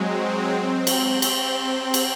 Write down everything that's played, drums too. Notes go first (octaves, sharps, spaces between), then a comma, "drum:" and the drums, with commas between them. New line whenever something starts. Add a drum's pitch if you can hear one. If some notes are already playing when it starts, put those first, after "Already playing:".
Already playing: F#3 G#3 C4
drum: cymbal
C4, drum: cymbal
drum: cymbal